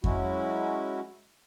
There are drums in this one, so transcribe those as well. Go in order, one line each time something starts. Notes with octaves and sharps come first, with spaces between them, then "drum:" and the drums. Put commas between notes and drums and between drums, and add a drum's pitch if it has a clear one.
F#3 G#3 C#4 E4 F#4, drum: kick F2